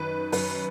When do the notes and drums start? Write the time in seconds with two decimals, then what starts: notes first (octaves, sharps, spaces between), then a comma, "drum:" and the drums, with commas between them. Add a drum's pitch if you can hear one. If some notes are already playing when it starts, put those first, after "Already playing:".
Already playing: F#2 D#3 B4
0.32 F#2 B4, drum: open hi-hat